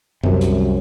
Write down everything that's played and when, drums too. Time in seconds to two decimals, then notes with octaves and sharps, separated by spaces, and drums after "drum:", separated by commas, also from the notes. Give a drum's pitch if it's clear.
0.24 C2 F#2 C3, drum: tom F#2
0.41 drum: hi-hat